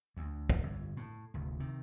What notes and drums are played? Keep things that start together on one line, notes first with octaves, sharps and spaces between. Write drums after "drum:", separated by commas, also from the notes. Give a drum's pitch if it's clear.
D2
drum: kick
G1 F2
A2
F1 D2
C3 D#3